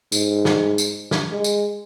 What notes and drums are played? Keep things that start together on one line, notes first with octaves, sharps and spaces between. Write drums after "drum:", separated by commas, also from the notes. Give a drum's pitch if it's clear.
G#2, drum: tambourine
drum: snare
drum: tambourine
drum: snare
G#3
drum: tambourine